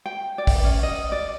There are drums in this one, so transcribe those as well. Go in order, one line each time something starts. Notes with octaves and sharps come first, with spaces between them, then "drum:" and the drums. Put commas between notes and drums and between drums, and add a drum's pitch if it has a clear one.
G5
D5
drum: kick, open hi-hat
C#4
D#5
D5